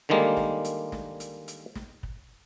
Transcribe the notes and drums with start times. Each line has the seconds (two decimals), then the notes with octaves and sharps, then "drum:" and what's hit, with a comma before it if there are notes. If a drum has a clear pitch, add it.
0.09 D3 D#3 G3 G#3 A#3
0.37 drum: snare
0.65 drum: hi-hat
0.92 drum: snare
1.20 drum: hi-hat
1.48 drum: hi-hat
1.75 drum: snare
2.03 drum: kick